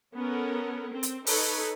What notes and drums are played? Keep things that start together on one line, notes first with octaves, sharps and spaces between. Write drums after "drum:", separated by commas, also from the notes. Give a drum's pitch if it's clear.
B3 C#4 A4 A#4
C4
drum: hi-hat
D#4 A4 B4 C#5, drum: open hi-hat